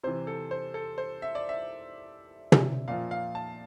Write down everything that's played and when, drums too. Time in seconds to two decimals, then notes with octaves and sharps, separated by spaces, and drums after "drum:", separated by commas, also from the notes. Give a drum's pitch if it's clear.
0.03 C3 E3 C5
0.27 A4
0.51 C5
0.74 A4
0.98 C5
1.22 E5
1.35 D5
1.49 E5
2.52 drum: tom
2.88 A#2 F3 F5
3.11 F5
3.35 A5